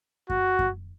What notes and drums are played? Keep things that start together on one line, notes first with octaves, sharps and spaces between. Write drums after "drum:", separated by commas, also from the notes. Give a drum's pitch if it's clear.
F#4, drum: kick F#2
drum: kick F#2